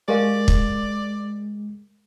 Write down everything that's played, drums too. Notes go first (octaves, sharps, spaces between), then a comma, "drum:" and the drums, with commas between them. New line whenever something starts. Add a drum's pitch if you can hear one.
G#3 G4 A#4 D5 F5
drum: kick